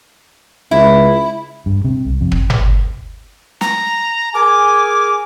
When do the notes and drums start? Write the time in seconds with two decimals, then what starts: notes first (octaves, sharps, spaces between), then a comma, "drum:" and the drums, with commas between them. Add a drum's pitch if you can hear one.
0.71 C#2 E4
1.66 G2
1.85 C3
2.05 C2
2.21 F2
2.32 drum: kick
2.50 drum: tom G1
3.61 A#5, drum: snare
4.34 G#4 A#4 G#5 D6